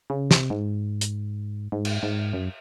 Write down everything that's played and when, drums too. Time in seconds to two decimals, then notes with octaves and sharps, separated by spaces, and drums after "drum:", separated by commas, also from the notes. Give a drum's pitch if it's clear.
0.10 C#3
0.31 C3, drum: snare
0.50 G#2
1.01 drum: hi-hat
1.72 G#2
1.85 drum: cymbal
2.03 G#2
2.33 F#2